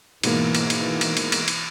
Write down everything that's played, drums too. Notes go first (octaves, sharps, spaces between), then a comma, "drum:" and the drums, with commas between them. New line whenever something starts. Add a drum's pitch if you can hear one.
G#2 B2 E3 A#3, drum: cymbal
drum: cymbal
drum: cymbal
drum: cymbal
drum: cymbal
drum: cymbal
drum: cymbal